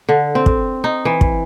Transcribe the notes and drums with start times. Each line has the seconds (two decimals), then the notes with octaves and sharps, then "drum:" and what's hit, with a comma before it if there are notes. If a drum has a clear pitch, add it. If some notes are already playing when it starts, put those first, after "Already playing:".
0.09 D3
0.35 C4
0.46 drum: kick
0.84 D#4
1.05 E3
1.21 drum: kick